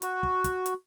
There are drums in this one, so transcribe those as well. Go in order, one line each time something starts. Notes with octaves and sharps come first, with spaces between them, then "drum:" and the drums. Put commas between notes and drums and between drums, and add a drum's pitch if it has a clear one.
F#4, drum: hi-hat
drum: kick
drum: kick, hi-hat
drum: hi-hat